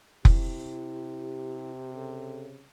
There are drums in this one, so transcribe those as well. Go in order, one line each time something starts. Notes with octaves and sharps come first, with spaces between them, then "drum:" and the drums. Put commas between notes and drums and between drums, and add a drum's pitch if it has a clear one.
C3 E4 G4, drum: kick F1
C#3 A4